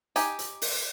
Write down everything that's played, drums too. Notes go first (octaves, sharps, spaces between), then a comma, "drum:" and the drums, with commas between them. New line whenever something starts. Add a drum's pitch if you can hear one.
D#4 G4 G#5, drum: hi-hat
drum: hi-hat
drum: open hi-hat